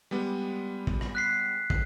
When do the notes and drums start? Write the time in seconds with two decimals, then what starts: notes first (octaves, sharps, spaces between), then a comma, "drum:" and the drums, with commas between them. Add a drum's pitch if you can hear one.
0.11 G3 G#3 B3
0.87 drum: kick
1.01 drum: rim click
1.15 F#6 B6 C7
1.70 drum: kick